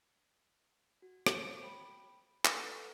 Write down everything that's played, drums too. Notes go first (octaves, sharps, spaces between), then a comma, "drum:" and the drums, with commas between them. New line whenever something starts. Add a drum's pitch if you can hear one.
F#4
F#4 C5 C#5 F5, drum: rim click
G5 B5
A4 B4 F#5, drum: clap